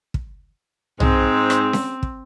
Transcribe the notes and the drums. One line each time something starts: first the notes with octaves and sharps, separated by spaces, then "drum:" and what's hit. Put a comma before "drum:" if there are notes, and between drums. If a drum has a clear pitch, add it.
drum: kick
G#2 G#3 C4, drum: tom
drum: rim click
drum: snare C#4
drum: kick